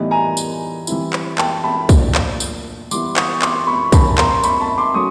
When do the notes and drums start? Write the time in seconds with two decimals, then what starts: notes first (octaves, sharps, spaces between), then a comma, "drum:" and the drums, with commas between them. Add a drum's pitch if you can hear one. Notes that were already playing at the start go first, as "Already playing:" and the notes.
Already playing: A2 E3 G3 B3 D#4
0.11 G#5 A#5
0.37 drum: tambourine
0.87 E3 G3 C4 E4, drum: tambourine
1.13 drum: clap
1.38 G5 A5, drum: clap
1.64 A5 B5
1.89 A#2 F#3 A3 D4 F4, drum: kick, tambourine
2.15 drum: clap
2.40 drum: tambourine
2.91 E3 G3 B3 E4 C6 D6, drum: tambourine
3.16 C#6 D#6, drum: clap
3.42 C6 D6, drum: clap
3.67 B5 C#6
3.92 F#2 D#3 F#3 A5 B5, drum: kick, tambourine
4.18 A#5 C6, drum: clap
4.44 B5 C#6, drum: tambourine
4.61 A5 B5
4.78 C6 D6
4.94 F#3 A3 C#4 C#6 D#6